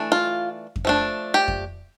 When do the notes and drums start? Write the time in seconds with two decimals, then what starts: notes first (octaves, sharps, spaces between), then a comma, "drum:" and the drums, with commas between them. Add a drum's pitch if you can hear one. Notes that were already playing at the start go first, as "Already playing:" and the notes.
Already playing: E3 A3 D4
0.12 F4
0.76 drum: kick F2
0.85 F3 A3 D4
1.34 G4
1.48 drum: kick F2